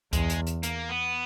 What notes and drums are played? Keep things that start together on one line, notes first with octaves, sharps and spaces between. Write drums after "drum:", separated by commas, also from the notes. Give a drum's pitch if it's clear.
E2 G#3, drum: kick C2, hi-hat
drum: hi-hat
drum: hi-hat
A#3, drum: hi-hat
B3